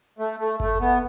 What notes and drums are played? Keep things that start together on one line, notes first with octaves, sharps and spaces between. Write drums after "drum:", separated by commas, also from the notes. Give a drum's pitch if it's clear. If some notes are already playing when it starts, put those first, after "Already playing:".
A3
A3
A3, drum: kick G1
B3